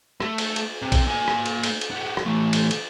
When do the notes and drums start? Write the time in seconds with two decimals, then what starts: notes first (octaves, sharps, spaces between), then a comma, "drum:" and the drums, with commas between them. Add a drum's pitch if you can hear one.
0.20 A3, drum: rim click
0.38 drum: cymbal
0.56 drum: cymbal
0.82 C3
0.92 drum: kick, cymbal
1.07 A#3 G#5
1.28 drum: rim click
1.46 drum: cymbal
1.64 drum: cymbal
1.81 drum: cymbal
1.91 F#4 G4
2.17 drum: rim click
2.26 E3 A3
2.53 drum: cymbal
2.71 drum: cymbal